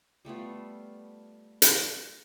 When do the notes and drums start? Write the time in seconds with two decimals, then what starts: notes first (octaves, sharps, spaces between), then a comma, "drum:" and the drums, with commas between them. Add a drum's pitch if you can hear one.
0.25 G3 A3 B3 F4
1.62 drum: hi-hat